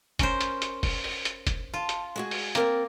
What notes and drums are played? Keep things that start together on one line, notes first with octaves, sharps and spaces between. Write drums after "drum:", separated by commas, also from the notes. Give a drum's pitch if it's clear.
C#4 A#4 C5, drum: kick, hi-hat
drum: hi-hat
drum: hi-hat
drum: kick, open hi-hat
drum: open hi-hat
drum: hi-hat
drum: kick, hi-hat
F4 A5
drum: hi-hat
G#3 F#4 G#4
drum: open hi-hat
A#3 C4 A#4 D5, drum: hi-hat